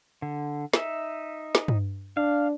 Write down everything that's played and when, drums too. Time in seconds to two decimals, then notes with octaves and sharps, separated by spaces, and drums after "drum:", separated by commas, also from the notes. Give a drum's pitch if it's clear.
0.22 D3
0.73 D#4 E5, drum: snare
1.55 drum: snare
1.68 drum: tom G2
2.17 D4 F5